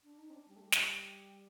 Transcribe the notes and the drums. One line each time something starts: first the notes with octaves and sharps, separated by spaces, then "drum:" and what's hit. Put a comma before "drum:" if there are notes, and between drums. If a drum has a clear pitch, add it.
D4
D#4
C4
D4
G3
A3
G3
drum: snare